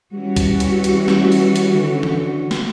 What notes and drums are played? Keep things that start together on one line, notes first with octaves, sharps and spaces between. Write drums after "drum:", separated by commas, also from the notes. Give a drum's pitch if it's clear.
E3 G3 C#4 F#4
drum: kick, hi-hat
drum: hi-hat
drum: hi-hat
drum: snare
drum: open hi-hat
drum: hi-hat
D3
drum: tom E3
drum: snare